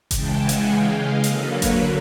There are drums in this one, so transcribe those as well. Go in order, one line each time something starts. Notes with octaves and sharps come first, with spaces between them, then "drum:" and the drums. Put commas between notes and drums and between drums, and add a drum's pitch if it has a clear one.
C#3 E3 G#3 G5 A5, drum: kick F#1, hi-hat
F#5 G#5
drum: hi-hat
F5 G5
D#5 F5
D3 F#3 A#3 A4 B4, drum: hi-hat
B4 C#5
drum: kick F#1, hi-hat